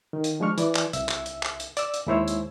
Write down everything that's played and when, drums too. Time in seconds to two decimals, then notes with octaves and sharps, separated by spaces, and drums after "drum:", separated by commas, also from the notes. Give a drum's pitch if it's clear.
0.13 D#3
0.24 drum: hi-hat
0.40 F3 G#3 D4 C#6 F6
0.58 E3 D5, drum: hi-hat
0.75 drum: clap
0.93 C2 E5 E6, drum: hi-hat
1.09 drum: clap
1.26 drum: hi-hat
1.43 drum: clap
1.60 drum: hi-hat
1.77 D5 E6, drum: hi-hat
1.94 drum: hi-hat
2.07 D#2 G#3 E4 C5 C#5 E6
2.28 drum: hi-hat